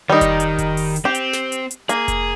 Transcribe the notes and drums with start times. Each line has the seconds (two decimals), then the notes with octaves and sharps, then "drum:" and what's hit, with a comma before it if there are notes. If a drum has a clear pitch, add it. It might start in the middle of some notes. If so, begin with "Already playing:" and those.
0.10 D#3 G3 D#4
0.21 drum: kick F1, hi-hat
0.40 drum: hi-hat
0.58 drum: kick F1, hi-hat
0.77 drum: open hi-hat
0.96 drum: hi-hat
1.05 C4 G4
1.15 drum: hi-hat
1.33 drum: snare
1.52 drum: hi-hat
1.71 drum: hi-hat
1.89 A#3 G#4, drum: hi-hat
2.08 drum: kick F1, hi-hat